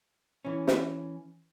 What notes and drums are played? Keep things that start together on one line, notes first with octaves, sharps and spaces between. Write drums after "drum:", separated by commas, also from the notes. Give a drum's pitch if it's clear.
E3 C#4
drum: snare